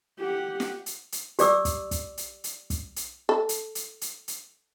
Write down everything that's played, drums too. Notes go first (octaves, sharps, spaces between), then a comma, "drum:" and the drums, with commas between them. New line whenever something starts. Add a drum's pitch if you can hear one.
G4 F#5
drum: snare
drum: hi-hat
drum: hi-hat
G4 D5 D6 E6, drum: hi-hat
drum: kick, hi-hat
drum: kick, hi-hat
drum: hi-hat
drum: hi-hat
drum: kick, hi-hat
drum: hi-hat
A4
drum: hi-hat
drum: hi-hat
drum: hi-hat
drum: hi-hat